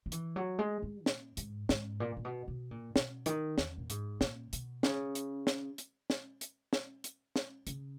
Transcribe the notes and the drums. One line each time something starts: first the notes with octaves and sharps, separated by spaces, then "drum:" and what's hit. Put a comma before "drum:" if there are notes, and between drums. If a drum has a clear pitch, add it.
F#3
E3, drum: hi-hat
F#3
G#3
G#3
A#2, drum: snare
G#2, drum: hi-hat
G#2, drum: snare
A#2
A#2
B2
B2
A#2
B2, drum: snare
D#3, drum: hi-hat
E2, drum: snare
A#2
G#2, drum: hi-hat
A#2, drum: snare
B2, drum: hi-hat
C#3, drum: snare
drum: hi-hat
drum: snare
drum: hi-hat
drum: snare
drum: hi-hat
drum: snare
drum: hi-hat
drum: snare
C#3, drum: hi-hat